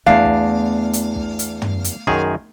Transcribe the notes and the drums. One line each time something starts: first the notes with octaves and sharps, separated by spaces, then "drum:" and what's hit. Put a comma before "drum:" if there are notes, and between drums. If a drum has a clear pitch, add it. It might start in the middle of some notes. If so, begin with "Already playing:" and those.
E2 A3 B3 D4 F5
drum: kick
drum: hi-hat
drum: kick
drum: hi-hat
drum: tom
drum: hi-hat
F#2 D#3 G#4, drum: kick